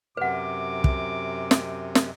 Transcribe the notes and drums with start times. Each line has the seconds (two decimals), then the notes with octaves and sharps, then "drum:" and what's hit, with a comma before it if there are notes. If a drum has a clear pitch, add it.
0.17 F#2 C3 B4 F#5 D6
0.84 drum: kick
1.51 drum: snare
1.95 drum: snare